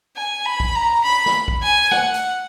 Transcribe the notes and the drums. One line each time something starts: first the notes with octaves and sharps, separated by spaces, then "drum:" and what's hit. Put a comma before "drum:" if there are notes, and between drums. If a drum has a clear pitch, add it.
G#5
B5
drum: kick
A#5
B5
drum: snare
drum: kick
G#5
F#5, drum: snare
drum: hi-hat